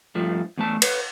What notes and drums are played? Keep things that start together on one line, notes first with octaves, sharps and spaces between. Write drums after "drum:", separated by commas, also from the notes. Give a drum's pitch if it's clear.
G2 F3 A3
E2 A3 A5
B4 C#5, drum: cymbal